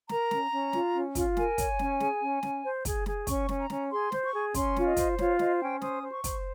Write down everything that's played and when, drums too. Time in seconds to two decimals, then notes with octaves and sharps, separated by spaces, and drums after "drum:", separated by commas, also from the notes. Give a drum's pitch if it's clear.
0.09 A#4 A#5, drum: snare
0.31 C#4, drum: snare
0.51 C#4
0.73 F4, drum: snare
0.94 C#4
1.15 F4, drum: kick, hi-hat
1.37 A#4 G#5, drum: snare
1.58 C#5, drum: kick, hi-hat
1.79 C#4, drum: snare
2.00 G#4, drum: snare
2.21 C#4
2.43 C#4, drum: snare
2.64 C5
2.85 G#4, drum: kick, hi-hat
3.06 G#4, drum: snare
3.27 C#4 C#6, drum: kick, hi-hat
3.49 C#4, drum: snare
3.60 A#5
3.70 C#4, drum: snare
3.91 G#4 C6
4.12 C5, drum: snare
4.23 C#6
4.33 G#4
4.54 C#4 C6, drum: kick, hi-hat
4.76 F4, drum: snare
4.87 D#5
4.97 C5, drum: kick, hi-hat
5.18 F4 C#5, drum: snare
5.39 C5 D#5, drum: snare
5.61 C#4 G5
5.82 C5 D#6, drum: snare
6.03 C5
6.13 C#6
6.24 C5, drum: kick, hi-hat